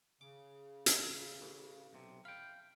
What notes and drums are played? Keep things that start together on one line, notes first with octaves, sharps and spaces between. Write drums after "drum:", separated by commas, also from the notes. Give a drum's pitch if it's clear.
C#3 D6
drum: hi-hat
A1
B1 C3
F5 G5 B5